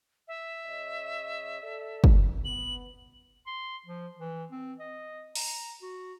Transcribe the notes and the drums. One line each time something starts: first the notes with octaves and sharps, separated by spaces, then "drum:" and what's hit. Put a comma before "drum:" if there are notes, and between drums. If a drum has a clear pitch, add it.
E5
C#3 C#5 D#5
A4 D5
drum: kick
B3 F#7
C6
F3
E3
C4
D#5
A#5, drum: open hi-hat
F#4